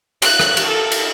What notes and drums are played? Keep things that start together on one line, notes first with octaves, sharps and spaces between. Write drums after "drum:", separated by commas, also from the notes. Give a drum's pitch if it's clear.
F#6, drum: cymbal
drum: rim click
drum: cymbal
A4
drum: cymbal